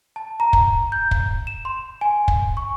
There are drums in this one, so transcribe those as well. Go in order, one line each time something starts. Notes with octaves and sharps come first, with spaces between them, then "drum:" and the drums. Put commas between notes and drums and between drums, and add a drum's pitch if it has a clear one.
A5
A#5
drum: kick
G6
drum: kick
E7
C6
G#5
drum: kick
C#6